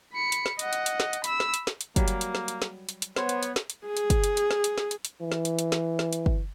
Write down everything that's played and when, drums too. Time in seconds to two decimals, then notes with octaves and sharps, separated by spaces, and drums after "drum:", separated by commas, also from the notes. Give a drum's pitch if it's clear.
0.13 B5 C#7
0.32 drum: hi-hat
0.46 drum: snare
0.59 D#5 F#5, drum: hi-hat
0.73 drum: hi-hat
0.86 drum: hi-hat
1.00 drum: snare
1.13 drum: hi-hat
1.24 B5 E6, drum: hi-hat
1.40 drum: snare
1.54 drum: hi-hat
1.67 drum: snare
1.81 drum: hi-hat
1.96 F#3 G3 A#3, drum: kick, hi-hat
2.08 drum: hi-hat
2.21 drum: hi-hat
2.35 drum: snare
2.48 drum: hi-hat
2.62 drum: snare
2.89 drum: hi-hat
3.02 drum: hi-hat
3.16 B3 C5 C#5, drum: snare
3.29 drum: hi-hat
3.43 drum: hi-hat
3.56 drum: snare
3.70 drum: hi-hat
3.86 G#4
3.97 drum: hi-hat
4.10 drum: kick, hi-hat
4.24 drum: hi-hat
4.37 drum: hi-hat
4.51 drum: snare
4.64 drum: hi-hat
4.78 drum: snare
4.91 drum: hi-hat
5.05 drum: hi-hat
5.22 E3
5.32 drum: snare
5.45 drum: hi-hat
5.59 drum: hi-hat
5.72 drum: snare
5.99 drum: snare
6.13 drum: hi-hat
6.26 drum: kick